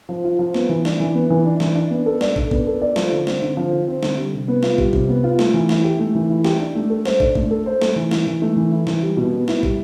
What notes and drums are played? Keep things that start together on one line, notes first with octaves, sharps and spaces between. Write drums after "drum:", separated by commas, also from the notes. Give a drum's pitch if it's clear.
F3
F4
F3
B3, drum: snare
E3
D4, drum: snare
E3
B3
E3
D4
E3, drum: snare
D4
B3
A4
D5, drum: snare
D4, drum: kick
B3, drum: kick
A4
D5
F3, drum: snare
D3
C4, drum: snare
D3
F3
D3
C4
D3, drum: snare
G3
C3
B3
F4, drum: snare
G3, drum: kick
C3, drum: kick
B3
F4
A3, drum: snare
E3
E4, drum: snare
G4
A3
E3
E4
G4, drum: snare
D4
A3
A4
C5, drum: snare
D4, drum: kick
A3, drum: kick
A4
C5
A3, drum: snare
E3
E4, drum: snare
E3
A3
E3
E4
E3, drum: snare
G3
B2
B3
E4, drum: snare
G3, drum: kick